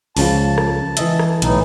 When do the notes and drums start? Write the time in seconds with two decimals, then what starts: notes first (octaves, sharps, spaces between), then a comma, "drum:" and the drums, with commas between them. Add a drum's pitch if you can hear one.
0.17 C#2 C#3 F3 A5, drum: open hi-hat
0.58 drum: rim click
0.97 E3 D#5 E5, drum: hi-hat
1.19 drum: rim click
1.42 B1 A2 E3 D#4, drum: hi-hat